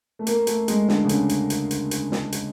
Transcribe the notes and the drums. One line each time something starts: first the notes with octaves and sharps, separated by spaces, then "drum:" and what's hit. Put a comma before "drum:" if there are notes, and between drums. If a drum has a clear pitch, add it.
A3
A#3, drum: hi-hat
A3, drum: hi-hat
G#3, drum: hi-hat
D3, drum: snare
C#3
D3, drum: hi-hat
drum: hi-hat
drum: hi-hat
drum: hi-hat
drum: hi-hat
drum: snare
drum: hi-hat